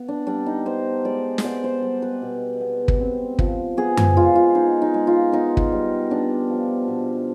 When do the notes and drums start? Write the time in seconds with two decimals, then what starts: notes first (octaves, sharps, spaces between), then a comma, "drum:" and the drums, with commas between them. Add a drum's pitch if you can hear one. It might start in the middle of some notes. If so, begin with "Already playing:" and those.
Already playing: B3
0.08 D4
0.27 G3 D4
0.46 D#4
0.66 B3 C5
1.04 G#3 D5
1.38 C5, drum: snare
1.44 B3 D5
1.64 C5
1.82 G3
2.02 B4
2.22 B2
2.61 B3
2.88 drum: kick
3.00 C4
3.39 F3, drum: kick
3.77 B3 G#4
3.97 G#4, drum: tom F#2
4.17 G#3 F4
4.35 F4
4.55 B3 D#4
4.82 D#4
4.94 G#3
5.07 F4
5.32 B3 D#4
5.57 drum: kick
5.72 G3
6.10 B3 D4
6.50 F3
6.88 B2